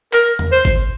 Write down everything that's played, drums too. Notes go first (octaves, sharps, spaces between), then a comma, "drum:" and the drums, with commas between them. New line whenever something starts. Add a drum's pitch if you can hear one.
A#4, drum: clap
drum: tom E2
C5
drum: kick G#1, hi-hat